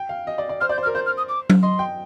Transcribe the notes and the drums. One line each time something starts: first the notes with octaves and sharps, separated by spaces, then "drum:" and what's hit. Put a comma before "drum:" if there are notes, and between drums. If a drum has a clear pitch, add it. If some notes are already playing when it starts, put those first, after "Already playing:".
Already playing: G5
F5
D#5
D5
D5
C5 F6
D5 G6
C5
F6
A#4
C5 G6
F6
D#6
D6
drum: tom F#3
D#5 C6
G5